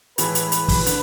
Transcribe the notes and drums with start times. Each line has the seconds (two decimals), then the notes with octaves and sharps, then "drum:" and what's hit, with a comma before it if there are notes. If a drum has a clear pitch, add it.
0.18 A2 E3 G#3 B4, drum: hi-hat
0.35 drum: hi-hat
0.52 drum: hi-hat
0.68 drum: kick, open hi-hat
0.86 D3, drum: hi-hat